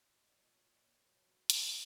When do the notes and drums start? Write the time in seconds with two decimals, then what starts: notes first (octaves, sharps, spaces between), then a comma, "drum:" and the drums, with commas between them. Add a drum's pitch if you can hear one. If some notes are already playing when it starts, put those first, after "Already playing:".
Already playing: A#2
0.15 F3 D#5
0.23 D5
0.30 C#5 D#5
0.37 A#2
0.45 C#5 D#5
0.60 A#2
0.75 C#5 D#5
0.82 A#2
1.05 F#3 B4 C#5
1.27 F#3
1.50 A#2, drum: hi-hat